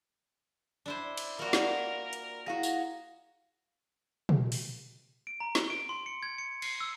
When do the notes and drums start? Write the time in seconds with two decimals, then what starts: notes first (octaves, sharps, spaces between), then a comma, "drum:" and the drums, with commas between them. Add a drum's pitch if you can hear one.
0.86 D4 E4 C5
1.18 drum: cymbal
1.39 G3 A#3 F4 F#4 A#4
1.53 drum: snare
2.13 drum: hi-hat
2.46 E4 F#4 G#4 F5 A#6
2.63 drum: tambourine
4.29 drum: tom
4.52 drum: open hi-hat
5.27 D7
5.40 A#5
5.55 G7, drum: snare
5.70 D7
5.89 C6
6.06 C#7
6.23 G#6
6.38 C#7
6.62 C7, drum: cymbal
6.80 E6